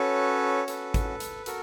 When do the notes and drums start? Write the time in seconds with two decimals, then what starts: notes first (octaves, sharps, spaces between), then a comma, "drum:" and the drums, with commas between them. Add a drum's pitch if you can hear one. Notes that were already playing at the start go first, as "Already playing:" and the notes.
Already playing: C#4 F#4 A4 B4 C#5
0.68 A4 B4, drum: hi-hat
0.94 drum: kick, hi-hat
1.20 drum: hi-hat
1.46 F#4 A4 A#4, drum: hi-hat